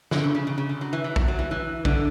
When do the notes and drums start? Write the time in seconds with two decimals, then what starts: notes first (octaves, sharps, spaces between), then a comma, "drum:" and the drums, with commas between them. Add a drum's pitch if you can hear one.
0.11 D3, drum: snare
0.24 C#3
0.35 C#3
0.47 C#3
0.58 C#3
0.69 D3
0.81 F#3
0.93 E3
1.04 E3
1.16 F#3, drum: kick A#1
1.28 F#3
1.39 E3
1.51 E3
1.85 D3, drum: kick A#1